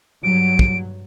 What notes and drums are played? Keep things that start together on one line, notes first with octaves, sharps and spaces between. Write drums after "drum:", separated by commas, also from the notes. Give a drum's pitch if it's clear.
G2 F#3 D7
drum: kick